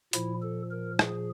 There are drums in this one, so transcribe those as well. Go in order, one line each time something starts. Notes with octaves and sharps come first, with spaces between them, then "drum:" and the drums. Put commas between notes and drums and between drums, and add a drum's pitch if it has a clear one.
A#2 F3 E4, drum: hi-hat
A4
A#4
G#4, drum: rim click